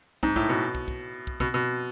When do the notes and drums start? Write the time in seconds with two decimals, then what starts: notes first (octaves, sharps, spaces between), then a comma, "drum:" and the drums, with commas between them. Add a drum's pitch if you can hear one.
0.23 G#2, drum: kick
0.36 A2, drum: kick
0.49 B2
0.75 drum: kick
0.88 drum: kick
1.27 drum: kick
1.40 B2, drum: kick
1.54 B2